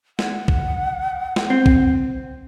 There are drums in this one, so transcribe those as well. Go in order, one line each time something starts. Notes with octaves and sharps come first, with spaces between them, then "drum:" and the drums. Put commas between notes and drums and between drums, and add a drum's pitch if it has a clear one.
F#5, drum: snare
drum: kick
drum: snare
C4
drum: kick